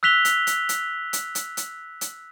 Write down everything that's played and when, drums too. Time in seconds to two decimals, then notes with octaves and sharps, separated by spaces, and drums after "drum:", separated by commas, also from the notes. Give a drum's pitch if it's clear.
0.03 E6 F#6 B6 F7 G7
0.25 drum: hi-hat
0.47 drum: hi-hat
0.69 drum: hi-hat
1.13 drum: hi-hat
1.35 drum: hi-hat
1.57 drum: hi-hat
2.01 drum: hi-hat